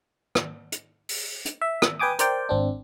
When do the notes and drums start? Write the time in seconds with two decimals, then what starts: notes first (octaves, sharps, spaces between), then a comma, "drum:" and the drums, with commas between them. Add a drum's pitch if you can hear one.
0.35 drum: rim click
0.72 drum: hi-hat
1.09 drum: open hi-hat
1.45 drum: hi-hat
1.61 E5
1.82 drum: rim click
1.99 B4 G5 G#5 D6 D#6
2.19 A#4 C5 D5 G5, drum: hi-hat
2.49 G#1 C4 D4